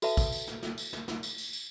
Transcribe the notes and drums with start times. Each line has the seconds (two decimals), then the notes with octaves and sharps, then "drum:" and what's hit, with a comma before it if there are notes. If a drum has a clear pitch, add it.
0.02 F#4 A4 B4 E5 A5, drum: tambourine
0.17 drum: kick, tambourine
0.32 drum: tambourine
0.48 drum: snare
0.63 drum: snare
0.78 drum: tambourine
0.93 drum: snare
1.08 drum: snare
1.23 drum: tambourine
1.38 drum: tambourine
1.53 drum: tambourine